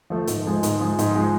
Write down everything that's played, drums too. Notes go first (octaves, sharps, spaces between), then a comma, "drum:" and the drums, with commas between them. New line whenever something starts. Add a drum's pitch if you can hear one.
F3 A3
G#2, drum: hi-hat
F3 G#3
G#2, drum: hi-hat
F3 G#3
G#2, drum: hi-hat
F3 G#3